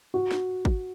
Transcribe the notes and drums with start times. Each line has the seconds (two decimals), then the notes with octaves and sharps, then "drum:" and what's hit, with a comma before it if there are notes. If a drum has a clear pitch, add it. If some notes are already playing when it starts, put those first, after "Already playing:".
0.14 F#4
0.31 drum: snare
0.65 drum: kick